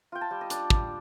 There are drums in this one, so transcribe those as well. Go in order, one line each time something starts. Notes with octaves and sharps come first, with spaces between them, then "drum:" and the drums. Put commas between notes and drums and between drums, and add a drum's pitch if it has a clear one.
F4 G5
A5
G3
D#5
D4 D5, drum: hi-hat
G3, drum: kick